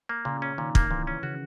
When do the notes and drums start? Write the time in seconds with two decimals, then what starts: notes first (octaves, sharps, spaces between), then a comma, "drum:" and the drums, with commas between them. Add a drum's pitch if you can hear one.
0.09 A#3
0.25 A#2 C#3
0.42 C#4
0.58 A#2 D#3
0.75 A#3, drum: kick
0.91 A#2 E3
1.07 C#4
1.23 C#3 F#4